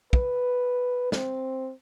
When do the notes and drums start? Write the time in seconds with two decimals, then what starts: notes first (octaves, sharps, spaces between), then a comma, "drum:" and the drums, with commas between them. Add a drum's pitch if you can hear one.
0.13 B4, drum: kick
1.12 C4, drum: snare